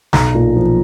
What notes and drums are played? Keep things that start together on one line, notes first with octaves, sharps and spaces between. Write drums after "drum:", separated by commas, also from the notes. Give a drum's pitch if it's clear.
B1 A#5, drum: snare
A#2
F3